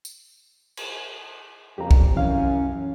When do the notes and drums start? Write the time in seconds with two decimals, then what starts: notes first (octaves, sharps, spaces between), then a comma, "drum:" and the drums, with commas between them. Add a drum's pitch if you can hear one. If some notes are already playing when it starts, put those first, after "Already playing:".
0.05 drum: tambourine
0.77 drum: cymbal
1.78 F2 A#2 C#3 G4 A#5
1.91 drum: kick
2.15 C2 F#2 E3 C#4 F5